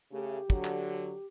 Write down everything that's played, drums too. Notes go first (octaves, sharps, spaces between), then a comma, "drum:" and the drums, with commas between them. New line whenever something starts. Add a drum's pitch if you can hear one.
C#3 A3 G4
D3 F#3, drum: kick
drum: clap